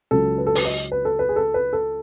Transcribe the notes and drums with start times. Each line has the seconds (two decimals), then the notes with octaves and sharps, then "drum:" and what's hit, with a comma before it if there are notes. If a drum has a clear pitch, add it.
0.11 C#2 C#3 F#3 A4
0.38 B4
0.47 A4
0.55 B4, drum: open hi-hat
0.65 D#5
0.92 B4
1.05 A4
1.19 B4
1.29 G#4
1.36 A4
1.54 B4
1.73 A4